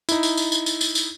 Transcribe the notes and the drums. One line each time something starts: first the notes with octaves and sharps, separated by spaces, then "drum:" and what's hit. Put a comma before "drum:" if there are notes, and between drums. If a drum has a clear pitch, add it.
D#4 E4, drum: tambourine
drum: tambourine
drum: tambourine
drum: tambourine
drum: tambourine
drum: tambourine
drum: tambourine